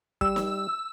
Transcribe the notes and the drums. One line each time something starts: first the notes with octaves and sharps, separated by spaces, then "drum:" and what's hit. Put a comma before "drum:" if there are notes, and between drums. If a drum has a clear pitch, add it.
G3 E6, drum: kick
drum: snare